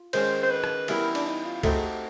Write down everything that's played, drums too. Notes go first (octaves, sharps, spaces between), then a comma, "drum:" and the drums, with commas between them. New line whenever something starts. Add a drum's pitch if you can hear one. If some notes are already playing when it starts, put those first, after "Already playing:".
Already playing: F4
D#3 G#3 C#4 C5, drum: cymbal
C5
B4
drum: rim click
E3 G3 B3 E4 A#4, drum: cymbal
D4, drum: cymbal
D#4
F4
A3 C4 D#4 F#4 G4, drum: kick C#2, cymbal
G#4
G4